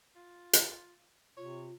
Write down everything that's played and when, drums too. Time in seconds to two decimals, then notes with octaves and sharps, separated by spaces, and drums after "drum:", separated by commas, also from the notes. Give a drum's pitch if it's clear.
0.16 F4
0.53 drum: hi-hat
1.37 C3 F4 C#5